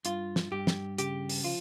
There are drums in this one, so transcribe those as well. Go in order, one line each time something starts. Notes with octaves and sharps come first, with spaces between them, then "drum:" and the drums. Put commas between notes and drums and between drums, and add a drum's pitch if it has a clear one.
G2 F4, drum: hi-hat
drum: snare
G2 G4
drum: snare
C#3 G4, drum: hi-hat
drum: open hi-hat
F3 F4